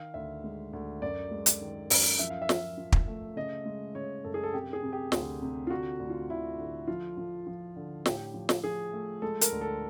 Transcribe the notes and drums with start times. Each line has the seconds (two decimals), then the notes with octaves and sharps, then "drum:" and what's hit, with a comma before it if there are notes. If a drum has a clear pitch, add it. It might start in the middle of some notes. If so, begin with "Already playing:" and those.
Already playing: D#3 F5
0.14 D2 E5
0.44 G#3
0.73 D2
1.02 F#2 D5
1.31 G#3
1.46 drum: hi-hat
1.61 D#3
1.90 F#2, drum: open hi-hat
2.19 F3 E5
2.30 F5
2.42 E5
2.49 F3, drum: snare
2.77 F3
2.92 drum: kick
3.08 A3
3.36 C#3 D#5
3.65 G#3
3.95 C#3 C#5
4.24 F#2 A4
4.34 G#4
4.43 A4
4.54 C3 G4
4.73 G#4
4.83 C3
4.93 G4
5.12 D2, drum: snare
5.42 C3
5.67 F4
5.70 D3 F#4
6.00 D2
6.10 F4
6.30 D3 E4
6.59 D3
6.87 F3 F4
7.17 F3
7.47 F3
7.76 D3
8.06 A2 G4, drum: snare
8.34 F3
8.49 drum: snare
8.64 F3 G#4
8.93 A3
9.22 G#3 A4
9.41 A#4, drum: hi-hat
9.52 D2
9.61 A4